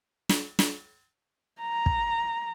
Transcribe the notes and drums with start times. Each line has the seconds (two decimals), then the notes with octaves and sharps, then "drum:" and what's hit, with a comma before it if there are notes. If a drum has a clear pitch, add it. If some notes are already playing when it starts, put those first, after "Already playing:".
0.29 drum: snare
0.59 drum: snare
1.62 A#5
1.86 drum: kick